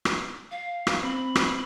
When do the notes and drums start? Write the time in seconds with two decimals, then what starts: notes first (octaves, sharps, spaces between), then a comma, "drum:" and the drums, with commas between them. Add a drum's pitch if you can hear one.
0.05 drum: rim click
0.51 F5
0.87 drum: rim click
1.03 C4 B5
1.35 drum: rim click